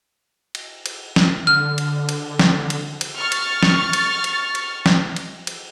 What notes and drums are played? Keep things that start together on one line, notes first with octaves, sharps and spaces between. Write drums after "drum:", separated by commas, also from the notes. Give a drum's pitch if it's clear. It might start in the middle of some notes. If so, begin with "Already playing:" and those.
drum: cymbal
drum: cymbal
drum: snare
D3 F6
drum: cymbal
drum: cymbal
drum: snare
drum: cymbal
drum: cymbal
C#6 F6 A6
drum: cymbal
drum: snare
drum: cymbal
drum: cymbal
drum: cymbal
drum: snare
drum: cymbal
drum: cymbal